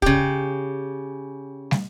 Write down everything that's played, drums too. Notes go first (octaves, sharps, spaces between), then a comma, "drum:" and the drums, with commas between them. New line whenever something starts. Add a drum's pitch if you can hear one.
C#3 G4, drum: kick
drum: snare